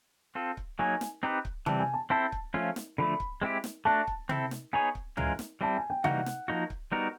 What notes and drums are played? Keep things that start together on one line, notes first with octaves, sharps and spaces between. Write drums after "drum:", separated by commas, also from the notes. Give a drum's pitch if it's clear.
C4 F4 A4
drum: kick C#1
F#3 A#3 D#4 G#4 C#5 G#5
drum: snare
C4 D#4 G4 B4
drum: kick C#1
E3 G3 C4 A5, drum: tom
G#5
A5
C4 E4 A4 C5 A5
drum: kick C#1
F3 A3 C#4 F4
drum: snare
D3 F3 A3 B5
drum: kick C#1
G#3 C4 E4 G4
drum: snare
A3 D4 F#4 A5
drum: kick C#1
C4 E4 A4, drum: tom
drum: snare
B3 D#4 G#4 C#5 G#5
drum: kick C#1
E3 G#3 C#4 F4 A#4, drum: tom C#2
drum: snare
G3 C4 E4 A5
G#5
G5
E3 G3 A#3 D#4 F#4 F#5, drum: tom
drum: snare
F3 A#3 D#4 F#4
drum: kick C#1
G3 B3 D#4 F#4 A#4